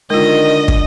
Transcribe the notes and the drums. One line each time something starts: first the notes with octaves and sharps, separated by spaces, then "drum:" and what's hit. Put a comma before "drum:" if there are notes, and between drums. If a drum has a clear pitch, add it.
D3 D#3 G#3 F4 D#5
drum: kick